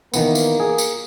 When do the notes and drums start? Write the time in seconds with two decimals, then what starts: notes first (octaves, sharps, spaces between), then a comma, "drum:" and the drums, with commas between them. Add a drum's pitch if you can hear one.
0.14 D#3 E3 A#3 B3, drum: tambourine
0.35 drum: tambourine
0.60 G#4
0.78 drum: tambourine